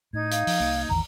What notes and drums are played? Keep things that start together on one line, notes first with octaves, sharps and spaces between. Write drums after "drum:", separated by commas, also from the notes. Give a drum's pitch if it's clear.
A2 D#4 G#6
F5, drum: hi-hat
F3, drum: open hi-hat
C2 A#3
A1 E2 D#3 A#5